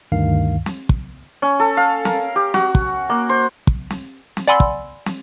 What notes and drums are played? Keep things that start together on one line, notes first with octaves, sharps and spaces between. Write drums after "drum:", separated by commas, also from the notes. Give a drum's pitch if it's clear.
D2 G2 D#3 F5
drum: snare
drum: kick
C#4
A4
F5
A#4, drum: snare
G4
F#4, drum: snare
drum: kick
A#3
C5
drum: kick
drum: snare
drum: snare
D5 F#5 G#5 B5 C6 E6
drum: kick
drum: snare